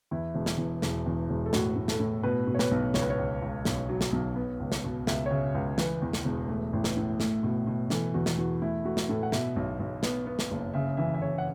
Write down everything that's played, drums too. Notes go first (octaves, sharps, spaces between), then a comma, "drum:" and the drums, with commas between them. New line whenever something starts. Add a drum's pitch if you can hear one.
E2 E4
E1
drum: snare
E2
E1, drum: snare
E2
E1
A4
A2 F#4, drum: snare
A2
A4, drum: snare
A2
B2 B4
B2
C#5
B4, drum: snare
B1
C#2 C#5, drum: snare
B4
C#5
C#2
C#2
B1, drum: snare
F#3
drum: snare
B1
B3
C#2
drum: snare
B2
C#2 E5, drum: snare
C#5
C#3 E5
C#2
E3 B4, drum: snare
E2
drum: snare
E1
A3
A1
drum: snare
A2
A3, drum: snare
B2
B2
E3 A4, drum: snare
E2 F#4
drum: snare
E2 F#4
A3 E4
A3 F#4
drum: snare
A2 A4
F#5
B2 E5, drum: snare
B1
B1
B3, drum: snare
B3
drum: snare
F#1
C#3 E5
E3 E5
E5
C#3 C#5
F#5